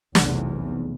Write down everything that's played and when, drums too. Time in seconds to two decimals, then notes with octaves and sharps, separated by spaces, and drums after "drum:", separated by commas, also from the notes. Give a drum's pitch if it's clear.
0.15 F1 B1 E2, drum: snare